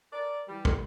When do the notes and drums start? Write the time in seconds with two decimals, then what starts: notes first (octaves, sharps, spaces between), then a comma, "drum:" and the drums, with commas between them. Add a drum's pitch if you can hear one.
0.13 A#4 D5
0.49 E3 G3
0.65 drum: kick